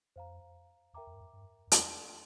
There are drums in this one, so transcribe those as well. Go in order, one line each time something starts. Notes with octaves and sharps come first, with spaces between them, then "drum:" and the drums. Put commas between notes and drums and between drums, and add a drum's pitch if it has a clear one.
F2 C5 F5 A#5
E2 A#4 E5 G5 A#5 D6
F2
G2
F2
G2
F2
E2 D4 A4 D5 G5 C6, drum: hi-hat